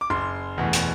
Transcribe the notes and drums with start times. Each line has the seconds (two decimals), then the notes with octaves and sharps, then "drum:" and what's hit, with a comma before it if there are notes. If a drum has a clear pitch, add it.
0.01 D6
0.10 F#1 C6
0.58 E2 B2 A3
0.73 drum: hi-hat